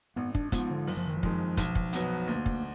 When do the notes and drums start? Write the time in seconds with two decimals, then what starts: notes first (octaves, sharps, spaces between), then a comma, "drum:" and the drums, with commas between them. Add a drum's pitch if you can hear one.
0.16 G#1 B3
0.35 D4, drum: kick
0.52 G#2 F3 B3, drum: kick, hi-hat
0.70 D3
0.87 F#1 F#3, drum: open hi-hat
0.97 F3
1.07 D#3
1.17 F3
1.23 F2 D#3 G#3, drum: kick
1.57 B1, drum: kick, hi-hat
1.75 drum: kick
1.93 B2 F#3 B3, drum: hi-hat
2.28 D2 A#3
2.46 drum: kick